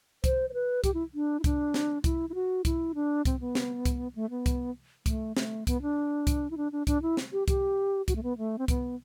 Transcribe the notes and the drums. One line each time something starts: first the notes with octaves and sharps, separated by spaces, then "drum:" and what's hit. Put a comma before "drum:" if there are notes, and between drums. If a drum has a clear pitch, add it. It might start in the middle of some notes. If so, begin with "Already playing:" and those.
C5, drum: kick C2, hi-hat
C5
B4
G4, drum: kick C2, hi-hat
E4
D4
E4
D4, drum: kick C2, hi-hat
drum: snare
E4, drum: kick C2, hi-hat
E4
F#4
E4, drum: kick C2, hi-hat
D4
C4, drum: kick C2, hi-hat
B3
drum: snare
drum: kick C2, hi-hat
A3
B3
drum: kick C2, hi-hat
A3, drum: kick C2, hi-hat
A3, drum: snare
B3, drum: kick C2, hi-hat
D4
drum: kick C2, hi-hat
E4
D4
D4
D4, drum: kick C2, hi-hat
E4
drum: snare
G4
G4, drum: kick C2, hi-hat
F#4, drum: kick C2, hi-hat
A3
B3
A3
C4
B3, drum: kick C2, hi-hat